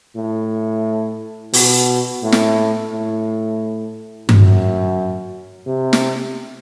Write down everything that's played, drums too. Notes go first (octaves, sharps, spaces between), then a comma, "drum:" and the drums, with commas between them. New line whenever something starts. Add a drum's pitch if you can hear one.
A2
B2, drum: open hi-hat
A2
drum: snare
A2
F#2, drum: tom G2
C3
drum: snare